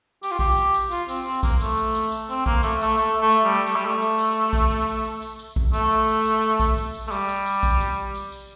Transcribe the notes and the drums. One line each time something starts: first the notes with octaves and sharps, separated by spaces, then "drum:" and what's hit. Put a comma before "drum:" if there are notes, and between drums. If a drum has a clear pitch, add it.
G4, drum: tambourine
F4
G4, drum: kick A#1, tambourine
drum: tambourine
drum: tambourine
F4, drum: tambourine
C4, drum: tambourine
C4, drum: tambourine
A#3, drum: kick A#1, tambourine
A3, drum: tambourine
drum: tambourine
drum: tambourine
drum: tambourine
C4, drum: tambourine
A#3, drum: kick A#1
A3, drum: tambourine
A3, drum: tambourine
A3, drum: tambourine
A3
drum: tambourine
G3
A3, drum: tambourine
G3
A3
drum: tambourine
drum: tambourine
drum: kick A#1, tambourine
drum: tambourine
drum: tambourine
drum: tambourine
drum: tambourine
drum: tambourine
drum: kick A#1
A3, drum: tambourine
drum: tambourine
drum: tambourine
drum: tambourine
drum: tambourine
drum: kick A#1, tambourine
drum: tambourine
drum: tambourine
A3
G3, drum: tambourine
drum: tambourine
drum: tambourine
drum: kick A#1, tambourine
drum: tambourine
drum: tambourine
drum: tambourine